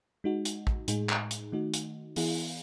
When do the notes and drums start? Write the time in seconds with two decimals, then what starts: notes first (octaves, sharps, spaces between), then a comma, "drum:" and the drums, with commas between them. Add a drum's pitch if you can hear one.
0.24 G#3 D#4 F#4
0.45 drum: hi-hat
0.67 drum: kick A1
0.88 A2 G#3 D#4 G#4, drum: hi-hat
1.09 drum: clap
1.31 drum: hi-hat
1.52 D#3 A3 D#4 F#4
1.74 drum: hi-hat
2.16 E3 B3 E4 G#4, drum: open hi-hat